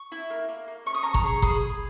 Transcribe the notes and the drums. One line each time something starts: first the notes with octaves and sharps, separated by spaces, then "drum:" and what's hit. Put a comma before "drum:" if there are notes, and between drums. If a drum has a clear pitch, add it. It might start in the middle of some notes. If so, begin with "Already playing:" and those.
Already playing: C#6
E4
A#3
A#3
A#3
C#4 C#6
D#6
C#4 A#5 C#6
A#5 C#6, drum: kick G1
G#4
G#4 B5 D#6, drum: kick G1
G#4